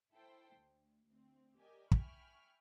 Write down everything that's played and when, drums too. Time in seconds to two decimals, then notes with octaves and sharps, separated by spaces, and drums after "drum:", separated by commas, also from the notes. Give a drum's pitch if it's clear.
0.12 E4 A4 C5 G5 C6
0.56 D2
1.08 D2 C4
1.59 G4 A#4 D5 D#5 G5 G#5
1.91 E5 G5 G#5 B5 C#6 F6, drum: kick